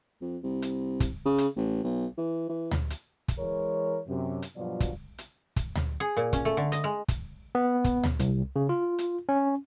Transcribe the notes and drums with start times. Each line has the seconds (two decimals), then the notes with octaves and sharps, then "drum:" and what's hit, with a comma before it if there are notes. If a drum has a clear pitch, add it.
0.21 F2
0.43 C2
0.62 drum: hi-hat
1.00 drum: kick, hi-hat
1.25 C#3
1.38 drum: hi-hat
1.56 A1
1.84 B1
2.18 E3
2.49 E3
2.71 drum: tom D2
2.90 drum: hi-hat
3.28 drum: kick, hi-hat
3.38 E3 G#3 A#4 C#5
4.08 F#2 C3
4.42 drum: hi-hat
4.57 G2 B2 F3 F#3 F4 D5
4.80 drum: kick, hi-hat
5.18 drum: hi-hat
5.56 drum: kick, hi-hat
5.75 drum: tom D2
6.00 G#4
6.17 A#2
6.33 C#4, drum: kick, hi-hat
6.45 A3
6.57 D3
6.72 D#5, drum: hi-hat
6.84 G#3
7.08 drum: kick, hi-hat
7.55 B3
7.84 drum: kick, hi-hat
8.03 drum: tom D2
8.19 C2, drum: hi-hat
8.56 C#3
8.69 F4
8.98 drum: hi-hat
9.29 C#4